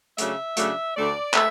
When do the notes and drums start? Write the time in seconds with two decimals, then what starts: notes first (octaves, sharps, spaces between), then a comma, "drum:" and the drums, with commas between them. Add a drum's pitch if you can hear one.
0.18 C#3 F#3 A3 D4 E5, drum: hi-hat
0.57 C#3 F#3 A3 D4, drum: hi-hat
0.96 D2 D3 A3 D5
1.34 A3 E5, drum: clap